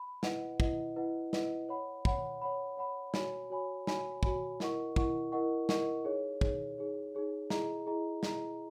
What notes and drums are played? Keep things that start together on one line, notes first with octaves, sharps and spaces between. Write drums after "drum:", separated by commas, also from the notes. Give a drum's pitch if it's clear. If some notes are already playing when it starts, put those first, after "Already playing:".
Already playing: B5
E4 B4 D#5 F#5, drum: snare
E4 B4 D#5 F#5, drum: kick
E4 B4 D#5 F#5
E4 B4 D#5 F#5, drum: snare
C#5 F#5 B5
C#5 F#5 B5, drum: kick
C#5 F#5 B5
C#5 F#5 B5
F#4 C#5 G#5 B5, drum: snare
F#4 C#5 G#5 B5
F#4 C#5 G#5 B5, drum: snare
F#4 C#5 G#5 B5, drum: kick
E4 A#4 D#5 F#5 C#6, drum: snare
E4 A#4 D#5 F#5 C#6, drum: kick
E4 A#4 D#5 F#5 C#6
E4 A#4 D#5 F#5 C#6, drum: snare
D#4 G#4 C#5
D#4 G#4 C#5, drum: kick
D#4 G#4 C#5
D#4 G#4 C#5
E4 G#4 D#5 A#5, drum: snare
E4 G#4 D#5 A#5
E4 G#4 D#5 A#5, drum: snare